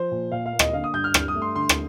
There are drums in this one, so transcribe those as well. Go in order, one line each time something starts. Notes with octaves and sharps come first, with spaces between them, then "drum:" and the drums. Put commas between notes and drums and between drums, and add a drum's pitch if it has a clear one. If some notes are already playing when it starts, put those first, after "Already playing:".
Already playing: F3 C5
A#2
A#2 F5
F5
A#3
D#5, drum: rim click
D3 F5
D#6
G2 G6
F6
G2 F6, drum: rim click
D#6
A3
C6
D3 C6
drum: rim click